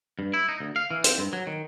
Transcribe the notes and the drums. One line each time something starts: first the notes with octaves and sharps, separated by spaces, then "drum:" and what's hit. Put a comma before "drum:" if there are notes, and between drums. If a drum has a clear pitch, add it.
G2
E4
D#4
D2
F5
E3
C4, drum: hi-hat
G2
F#3
D#3